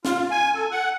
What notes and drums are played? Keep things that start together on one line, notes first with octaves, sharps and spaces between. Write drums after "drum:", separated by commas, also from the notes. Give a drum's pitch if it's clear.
F4, drum: snare
G#5
A4
F#5